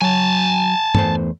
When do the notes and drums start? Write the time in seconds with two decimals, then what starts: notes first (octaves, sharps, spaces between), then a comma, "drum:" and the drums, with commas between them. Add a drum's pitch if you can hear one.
0.01 F#3 G#5 A5
0.95 E2 A3 C5, drum: tom